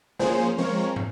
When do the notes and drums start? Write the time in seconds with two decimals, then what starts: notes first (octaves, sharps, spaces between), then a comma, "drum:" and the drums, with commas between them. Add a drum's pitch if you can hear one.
0.19 F3 A#3 C#4 G#4 C5, drum: snare
0.58 F3 G#3 C4 A#4 C#5
0.96 drum: tom